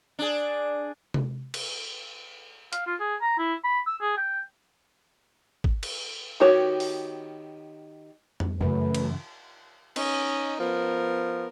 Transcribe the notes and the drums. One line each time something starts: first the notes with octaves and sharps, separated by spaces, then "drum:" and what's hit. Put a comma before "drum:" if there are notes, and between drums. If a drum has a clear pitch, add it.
D4 G#4
drum: tom C3
drum: cymbal
F5, drum: hi-hat
F4
G#4
A#5
E4
B5
E6
G#4
G5
drum: kick
drum: cymbal
D#3 B3 F#4 G4 C#5
drum: open hi-hat
drum: tom F2
F#2 C#3 E3 A3 B4
drum: cymbal
C#4 D#4 D#5, drum: cymbal
F3 B3 A#4